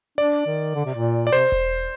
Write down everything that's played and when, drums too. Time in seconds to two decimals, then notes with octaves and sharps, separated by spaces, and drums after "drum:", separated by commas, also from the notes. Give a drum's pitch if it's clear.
0.18 D4 D5
0.46 D#3
0.75 D3
0.85 C3
0.94 A#2
1.27 D5
1.32 C3 C5
1.52 drum: kick E1